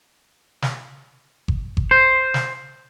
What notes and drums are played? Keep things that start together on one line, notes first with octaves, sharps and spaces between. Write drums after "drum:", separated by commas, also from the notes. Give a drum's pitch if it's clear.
drum: snare
drum: kick G1
drum: kick G1
C5
drum: snare